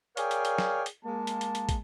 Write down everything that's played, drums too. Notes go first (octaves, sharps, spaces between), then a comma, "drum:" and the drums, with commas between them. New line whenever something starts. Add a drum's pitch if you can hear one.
G#4 A#4 C#5 D5 F5 G5, drum: hi-hat
drum: hi-hat
drum: hi-hat
drum: snare
drum: hi-hat
G#3 A#3 A5
drum: hi-hat
drum: hi-hat
drum: hi-hat
drum: kick, hi-hat